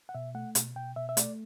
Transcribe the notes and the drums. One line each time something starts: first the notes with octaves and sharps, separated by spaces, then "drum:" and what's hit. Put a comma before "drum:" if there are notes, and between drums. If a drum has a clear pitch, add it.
F#5
B2 E5
A3 F#5
B2, drum: hi-hat
B2 G5
B2 E5
E5
A3 D5, drum: hi-hat